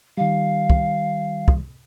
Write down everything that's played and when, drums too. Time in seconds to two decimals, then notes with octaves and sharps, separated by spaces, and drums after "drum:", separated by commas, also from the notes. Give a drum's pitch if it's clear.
0.17 D#3 G3 F5
0.70 drum: kick
1.48 drum: kick